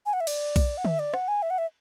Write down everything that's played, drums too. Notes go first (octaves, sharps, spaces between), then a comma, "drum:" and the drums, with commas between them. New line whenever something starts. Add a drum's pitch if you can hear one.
G#5
F#5
E5
D5, drum: cymbal
drum: kick B1, cymbal
F#5
E5, drum: tom
D5
F#5, drum: rim click
G#5
E5
F#5
E5